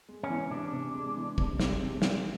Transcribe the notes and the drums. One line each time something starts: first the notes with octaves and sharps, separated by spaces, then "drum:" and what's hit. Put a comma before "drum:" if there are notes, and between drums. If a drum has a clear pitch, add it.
G#3
C#4
E3
C3 D4
C3
G#3
E3
C3, drum: kick
C3, drum: snare
G#3
E3, drum: snare